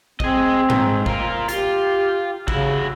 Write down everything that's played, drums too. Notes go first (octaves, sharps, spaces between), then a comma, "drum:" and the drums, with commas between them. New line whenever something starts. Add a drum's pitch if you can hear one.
C4 G#4 D#5, drum: kick
G#2, drum: tom G#2
F4 A#4, drum: kick
F4 G4, drum: hi-hat
C#3 E4 F#4, drum: kick